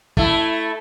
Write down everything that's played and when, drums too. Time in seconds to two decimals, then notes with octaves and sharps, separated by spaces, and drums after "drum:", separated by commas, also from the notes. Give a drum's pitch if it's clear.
0.17 A3 E4, drum: kick